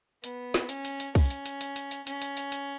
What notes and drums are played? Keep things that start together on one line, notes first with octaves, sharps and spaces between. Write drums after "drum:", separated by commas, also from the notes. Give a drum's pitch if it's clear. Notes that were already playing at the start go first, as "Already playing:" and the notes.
B3, drum: hi-hat
drum: snare
C#4, drum: hi-hat
drum: hi-hat
drum: hi-hat
C#4, drum: kick, open hi-hat
drum: hi-hat
drum: hi-hat
drum: hi-hat
drum: hi-hat
drum: hi-hat
C#4, drum: hi-hat
drum: hi-hat
drum: hi-hat
drum: hi-hat